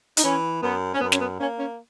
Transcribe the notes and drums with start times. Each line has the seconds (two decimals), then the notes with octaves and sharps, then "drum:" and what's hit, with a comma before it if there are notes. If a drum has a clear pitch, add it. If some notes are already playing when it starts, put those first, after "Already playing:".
0.17 D#4, drum: hi-hat
0.23 E3 C#4
0.62 F#2 B3
0.93 C#4
1.00 F#2 B3
1.12 C#4, drum: snare
1.20 B3
1.39 A#3 C#4
1.58 C#4